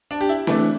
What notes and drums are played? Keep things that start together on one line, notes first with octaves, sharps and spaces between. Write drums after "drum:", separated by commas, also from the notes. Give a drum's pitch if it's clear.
D4
G4
E4
E3 A3 D4, drum: snare C4